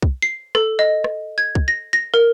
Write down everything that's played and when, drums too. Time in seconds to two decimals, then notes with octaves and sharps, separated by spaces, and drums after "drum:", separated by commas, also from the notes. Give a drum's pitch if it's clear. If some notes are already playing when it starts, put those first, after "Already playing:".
0.02 drum: kick
0.22 C7
0.55 A4, drum: rim click
0.79 D#5
1.04 drum: rim click
1.38 G#6
1.55 drum: kick
1.68 A#6
1.93 A#6
2.14 A#4